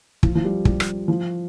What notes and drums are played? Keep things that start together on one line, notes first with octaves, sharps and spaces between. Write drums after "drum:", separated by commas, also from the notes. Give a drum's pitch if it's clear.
F3, drum: kick
F3
G3
G3, drum: kick
drum: rim click
F3